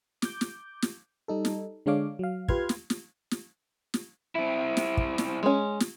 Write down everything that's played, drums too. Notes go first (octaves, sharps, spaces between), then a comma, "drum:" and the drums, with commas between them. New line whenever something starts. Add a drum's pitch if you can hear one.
D6 G6, drum: snare
drum: snare
drum: snare
G3 D#4 A4
drum: snare
D3 G#3 D4 C#5 F5 D6
F#3 F5
F4 G4 B4 C6 F6 G#6, drum: kick
drum: snare
drum: snare
drum: snare
drum: snare
C4 E4
drum: snare
drum: kick
drum: snare
G#3 C#4
drum: snare